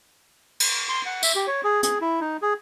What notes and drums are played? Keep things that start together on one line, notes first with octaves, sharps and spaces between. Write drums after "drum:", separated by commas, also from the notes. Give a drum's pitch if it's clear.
drum: cymbal
C6
F#5
E5, drum: tambourine
G4
C#5
G#4
G#4, drum: hi-hat
E4
D#4
G#4